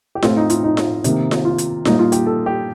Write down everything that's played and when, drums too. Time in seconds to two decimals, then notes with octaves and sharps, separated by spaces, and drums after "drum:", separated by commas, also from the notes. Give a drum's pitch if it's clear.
0.15 G4
0.22 A2 A3 C4 F4, drum: snare F4
0.37 D#4
0.50 F4, drum: hi-hat
0.63 D#4
0.77 drum: snare F4
1.04 C3 D#3 A#3, drum: hi-hat
1.31 drum: snare F4
1.45 F4
1.58 drum: hi-hat
1.85 A#2 G3 A#3 D#4, drum: snare F4
1.99 F4
2.12 G4, drum: hi-hat
2.26 A4
2.46 G4